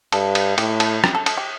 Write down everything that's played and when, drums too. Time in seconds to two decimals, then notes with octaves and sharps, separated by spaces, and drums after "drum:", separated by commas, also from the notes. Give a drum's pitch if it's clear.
0.12 G2 A4, drum: cymbal
0.35 drum: cymbal
0.58 A2 G4, drum: cymbal
0.80 A4, drum: cymbal
1.04 G4, drum: rim click
1.15 A4
1.26 A4, drum: cymbal
1.37 G4